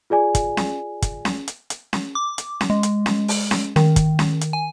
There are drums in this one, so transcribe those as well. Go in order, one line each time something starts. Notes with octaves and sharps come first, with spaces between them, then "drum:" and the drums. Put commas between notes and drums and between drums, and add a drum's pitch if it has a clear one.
F4 G#4 D5 G#5
drum: kick, hi-hat
drum: snare C#4
drum: kick, hi-hat
drum: snare C#4
drum: hi-hat
drum: hi-hat
drum: snare C#4
D6
drum: hi-hat
drum: snare C#4
G#3
drum: hi-hat
drum: snare C#4
drum: open hi-hat
drum: snare C#4
D#3, drum: snare C#4
drum: kick, hi-hat
drum: snare C#4
drum: hi-hat
G#5